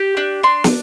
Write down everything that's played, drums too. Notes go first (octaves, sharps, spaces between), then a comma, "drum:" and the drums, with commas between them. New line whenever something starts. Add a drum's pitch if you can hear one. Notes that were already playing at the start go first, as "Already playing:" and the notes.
Already playing: G4
D4
D4 C6
drum: snare